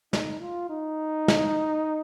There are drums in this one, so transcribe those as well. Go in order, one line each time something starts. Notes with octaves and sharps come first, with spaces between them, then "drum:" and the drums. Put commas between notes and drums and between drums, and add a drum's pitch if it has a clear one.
D#4, drum: snare
F4
D#4
drum: snare